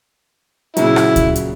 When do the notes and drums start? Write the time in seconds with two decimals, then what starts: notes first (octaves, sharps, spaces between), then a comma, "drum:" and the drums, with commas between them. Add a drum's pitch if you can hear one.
0.77 A#2 C#3 F#3 E4, drum: hi-hat
0.96 drum: rim click
1.16 drum: kick D2, hi-hat
1.36 drum: hi-hat